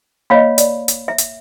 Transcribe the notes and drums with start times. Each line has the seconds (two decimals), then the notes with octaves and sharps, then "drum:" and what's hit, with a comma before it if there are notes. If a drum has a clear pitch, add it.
0.30 A#3 C#5 D#5 F5 B5
0.58 D5, drum: hi-hat
0.88 drum: hi-hat
1.08 E5
1.18 drum: hi-hat